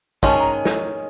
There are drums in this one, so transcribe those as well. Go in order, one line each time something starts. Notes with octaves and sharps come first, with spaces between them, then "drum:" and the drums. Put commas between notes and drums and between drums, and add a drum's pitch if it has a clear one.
D#3 G#3 C#4 A5, drum: kick
A#5
drum: snare